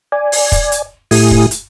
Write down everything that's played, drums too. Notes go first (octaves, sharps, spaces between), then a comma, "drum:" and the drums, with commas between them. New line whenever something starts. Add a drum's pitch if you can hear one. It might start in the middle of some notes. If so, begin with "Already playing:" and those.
D5 G#5
drum: open hi-hat
drum: kick, hi-hat
drum: hi-hat
A2 A3 E4 G4 G#5 D#6, drum: open hi-hat
drum: kick
drum: hi-hat